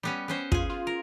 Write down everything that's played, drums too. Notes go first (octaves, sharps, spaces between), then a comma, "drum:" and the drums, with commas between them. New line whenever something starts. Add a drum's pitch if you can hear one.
G3 B3 C#4
B3 C#4 C5
F4 G#4 G#5, drum: kick
F4
A#4